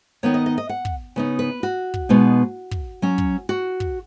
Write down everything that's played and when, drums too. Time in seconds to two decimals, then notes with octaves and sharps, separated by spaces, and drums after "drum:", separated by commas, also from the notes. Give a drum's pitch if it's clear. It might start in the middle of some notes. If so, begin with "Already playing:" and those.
0.23 D#3 B3 D#4 C#5
0.34 D#5
0.46 D#5
0.58 D#5
0.69 F#5
0.85 drum: kick
1.16 C#3 B3 D#4
1.39 B4
1.63 F#4
1.94 drum: kick
2.09 B2 G#3 B3 D#4
2.71 drum: kick
3.02 F#3 C#4
3.18 drum: kick
3.49 F#4
3.80 drum: kick